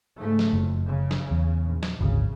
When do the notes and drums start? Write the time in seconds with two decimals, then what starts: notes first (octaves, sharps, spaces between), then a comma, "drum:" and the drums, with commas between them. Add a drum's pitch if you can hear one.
0.16 G#2 C#3 A3
0.39 drum: snare
0.53 F#1 F2
0.87 C#3
1.11 drum: snare
1.31 E2
1.66 A#1
1.83 drum: snare
2.00 G#1 D2 C#3